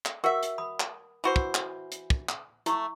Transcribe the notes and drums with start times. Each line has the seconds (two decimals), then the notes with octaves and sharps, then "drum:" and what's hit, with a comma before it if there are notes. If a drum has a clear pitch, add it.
0.05 drum: clap
0.24 F#4 A#4 E5 F#5 G5
0.43 drum: hi-hat
0.58 B5 D#6
0.80 drum: clap
1.24 E3 F#4 C5
1.36 drum: kick
1.54 drum: clap
1.92 drum: hi-hat
2.10 drum: kick
2.29 drum: clap
2.66 A3 E4 C#6, drum: hi-hat